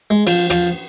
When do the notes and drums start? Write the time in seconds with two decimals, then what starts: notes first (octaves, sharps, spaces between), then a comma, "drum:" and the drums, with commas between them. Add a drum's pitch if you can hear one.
0.10 G#3
0.27 F3, drum: cymbal
0.50 F3, drum: rim click